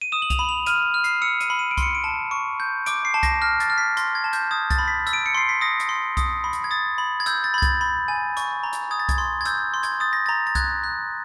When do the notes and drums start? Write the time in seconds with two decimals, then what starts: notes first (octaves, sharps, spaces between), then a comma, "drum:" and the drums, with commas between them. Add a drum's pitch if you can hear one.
0.01 D#7
0.12 D#6 E7
0.22 F#7
0.30 F7, drum: kick C2, hi-hat
0.39 B5
0.49 F7
0.66 F6 D#7, drum: hi-hat
0.94 F6
1.04 C7, drum: hi-hat
1.22 E6 C#7
1.40 D#7, drum: hi-hat
1.50 B5
1.59 D#7
1.71 D7
1.77 C6 C#7, drum: kick C2, hi-hat
1.95 D7
2.04 A5
2.31 C#6
2.60 G6
2.86 D6 D7, drum: hi-hat
3.05 C7
3.14 A5
3.23 A#6, drum: kick C2, hi-hat
3.42 F6 A#6
3.60 A6, drum: hi-hat
3.70 F6
3.78 B6
3.97 C6 A#6, drum: hi-hat
4.15 G#6
4.24 A5
4.33 G6, drum: hi-hat
4.51 D#6 G#6
4.70 A6, drum: kick C2, hi-hat
4.78 B5
4.88 B6
5.07 E6, drum: hi-hat
5.13 D7
5.26 C#7
5.35 C6 C7
5.49 B6
5.61 D#6 A#6
5.80 drum: hi-hat
5.89 C6
6.17 D#6, drum: kick C2, hi-hat
6.44 B5
6.53 drum: hi-hat
6.64 G#6
6.71 D#6 A6
6.98 B5
7.20 G#6
7.26 E6 G6, drum: hi-hat
7.44 A6
7.54 B5 G#6
7.62 A6, drum: kick C2, hi-hat
7.81 B5
8.08 G#5
8.37 C#6, drum: hi-hat
8.63 A#5
8.73 drum: hi-hat
8.91 D#6 G#6
9.00 A6
9.09 G#6, drum: kick C2, hi-hat
9.18 C6
9.41 G#6
9.45 E6 G6, drum: hi-hat
9.74 C6
9.83 G#6, drum: hi-hat
10.00 D#6 A6
10.13 A#6
10.26 A#5 A6
10.47 A6
10.55 F#6 G#6, drum: kick C2, hi-hat
10.84 F#6